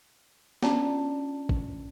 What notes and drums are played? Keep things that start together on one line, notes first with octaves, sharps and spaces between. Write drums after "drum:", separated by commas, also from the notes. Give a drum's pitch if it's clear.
C#4 D4 F4 D5 A5 A#5, drum: snare B3
drum: kick